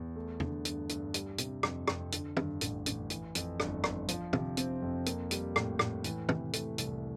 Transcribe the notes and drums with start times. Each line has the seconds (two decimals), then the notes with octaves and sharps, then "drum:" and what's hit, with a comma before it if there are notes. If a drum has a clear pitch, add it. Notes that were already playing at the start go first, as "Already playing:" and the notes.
Already playing: E2
0.16 A3
0.40 D3, drum: tom E2
0.65 G2, drum: hi-hat
0.89 G2, drum: hi-hat
1.14 G3, drum: hi-hat
1.38 C3, drum: hi-hat
1.63 F2, drum: rim click
1.88 F2, drum: rim click
2.12 D3, drum: hi-hat
2.37 G2, drum: tom
2.61 A1, drum: hi-hat
2.86 A1, drum: hi-hat
3.10 E3, drum: hi-hat
3.35 F2, drum: hi-hat
3.60 G1, drum: rim click
3.84 G1, drum: rim click
4.08 F3, drum: hi-hat
4.33 C3, drum: tom
4.57 C4, drum: hi-hat
4.82 F2
5.06 A#3, drum: hi-hat
5.31 G3, drum: hi-hat
5.56 A2, drum: rim click
5.79 A2, drum: rim click
6.04 E3, drum: hi-hat
6.29 C3, drum: tom
6.53 A3, drum: hi-hat
6.78 C2, drum: hi-hat